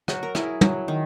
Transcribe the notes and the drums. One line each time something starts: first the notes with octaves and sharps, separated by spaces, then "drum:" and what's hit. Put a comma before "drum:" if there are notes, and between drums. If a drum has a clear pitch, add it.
F#3 F#4, drum: rim click
A#4
E4 G#4, drum: rim click
F#3, drum: tom
D#3